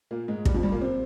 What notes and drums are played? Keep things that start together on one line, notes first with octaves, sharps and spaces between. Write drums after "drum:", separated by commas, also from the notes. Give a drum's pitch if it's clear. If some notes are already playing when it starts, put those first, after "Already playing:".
A#2 A#3
G#2 G#3
G2 G3, drum: kick
F2 F3
G2 G3
A#2 A#3
C3 C4